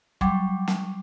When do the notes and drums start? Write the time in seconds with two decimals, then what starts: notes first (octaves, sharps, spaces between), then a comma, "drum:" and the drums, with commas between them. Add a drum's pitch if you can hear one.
0.21 F#3 G3, drum: kick
0.68 drum: snare